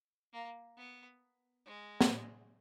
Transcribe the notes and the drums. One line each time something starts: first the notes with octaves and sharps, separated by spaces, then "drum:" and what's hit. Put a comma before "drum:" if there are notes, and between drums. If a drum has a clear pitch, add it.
A#3
B3
G#3
drum: snare